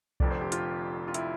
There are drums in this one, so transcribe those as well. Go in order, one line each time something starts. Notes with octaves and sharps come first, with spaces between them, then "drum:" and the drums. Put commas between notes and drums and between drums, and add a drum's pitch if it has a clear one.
F1 F2 D3 D5, drum: kick B1
C5
G4
F4, drum: hi-hat
F4
E4, drum: hi-hat